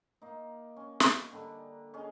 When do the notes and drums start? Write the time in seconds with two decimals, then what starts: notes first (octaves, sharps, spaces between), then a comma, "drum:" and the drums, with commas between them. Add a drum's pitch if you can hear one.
0.22 A#3 D#4
0.76 C#4
1.00 drum: snare
1.32 D3 G3 D4 D#4
1.94 C#4 G#4 D#5